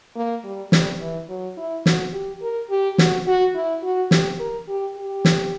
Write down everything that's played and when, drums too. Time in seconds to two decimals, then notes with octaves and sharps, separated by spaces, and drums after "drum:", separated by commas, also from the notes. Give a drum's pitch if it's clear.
0.16 A#3
0.44 G3
0.72 G3, drum: snare
1.00 E3
1.29 F#3
1.57 E4
1.86 F#4, drum: snare
2.13 G4
2.42 A#4
2.70 G4
2.98 F#4, drum: snare
3.27 F#4
3.54 E4
3.83 F#4
4.11 G4, drum: snare
4.40 A#4
4.68 G4
4.96 G4
5.25 drum: snare